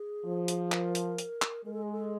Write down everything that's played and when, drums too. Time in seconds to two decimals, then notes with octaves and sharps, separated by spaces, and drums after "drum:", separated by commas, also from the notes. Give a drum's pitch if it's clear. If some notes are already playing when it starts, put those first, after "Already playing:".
Already playing: G#4
0.25 F3
0.48 drum: hi-hat
0.72 A#4, drum: clap
0.95 drum: hi-hat
1.18 drum: hi-hat
1.42 drum: clap
1.66 G#3 A#4
1.74 A4
1.82 G#4
1.92 A4